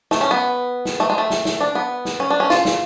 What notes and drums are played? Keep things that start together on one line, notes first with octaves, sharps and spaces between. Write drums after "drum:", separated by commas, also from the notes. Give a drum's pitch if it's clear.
A3, drum: snare
C#4
B3
drum: snare
A3
G#3
A3
drum: snare
drum: snare
D4
B3
drum: snare
C#4
D4
C#4
F4, drum: snare
drum: snare